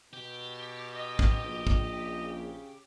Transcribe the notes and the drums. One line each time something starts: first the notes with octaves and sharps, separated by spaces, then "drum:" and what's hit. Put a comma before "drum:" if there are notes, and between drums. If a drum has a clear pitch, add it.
B2 G4
D#5
drum: kick
A#1
drum: kick
C#3